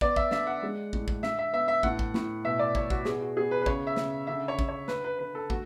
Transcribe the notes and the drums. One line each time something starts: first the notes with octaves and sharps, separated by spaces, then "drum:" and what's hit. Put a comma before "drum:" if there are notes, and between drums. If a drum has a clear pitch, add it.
B3 D5, drum: kick
E5, drum: kick
D3 E5, drum: snare
F#5
G#3
A2, drum: kick
drum: kick
D3 E5, drum: snare
E5
B3 E5
E5
A2 F#5, drum: kick
drum: kick
A2, drum: snare
B2 E5
D5
B2 C#5, drum: kick
F#4, drum: kick
B3 G#4, drum: snare
F#4
B3 G#4
B4
B4
C#3 C#5, drum: kick
E5
C#3, drum: snare
D3 E5
C#5
D3, drum: kick
C#5
D3 B4, drum: snare
B4
D3 B4
A4
A3 F#4, drum: kick